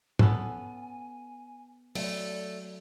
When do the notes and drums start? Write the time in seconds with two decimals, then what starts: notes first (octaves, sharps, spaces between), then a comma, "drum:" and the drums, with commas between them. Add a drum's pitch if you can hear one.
0.19 B3 C#4 A4 G#5, drum: tom G#2
1.95 F#3 A3 D5, drum: open hi-hat